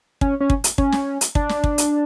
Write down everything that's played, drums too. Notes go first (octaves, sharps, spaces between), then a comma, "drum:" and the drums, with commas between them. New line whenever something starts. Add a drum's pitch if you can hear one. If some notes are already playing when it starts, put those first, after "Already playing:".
C#4, drum: kick
C#4
drum: kick
drum: hi-hat
C#4, drum: kick
drum: snare
drum: hi-hat
D4, drum: kick
drum: snare
drum: kick
drum: hi-hat